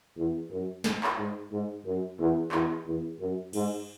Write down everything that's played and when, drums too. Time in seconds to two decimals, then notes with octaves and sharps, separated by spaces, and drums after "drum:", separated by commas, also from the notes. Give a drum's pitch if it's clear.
0.17 E2
0.50 F#2
0.84 G#2, drum: snare
1.04 drum: clap
1.17 G#2
1.51 G#2
1.85 F#2
2.19 E2
2.52 E2, drum: clap
2.86 E2
3.19 F#2
3.53 G#2, drum: cymbal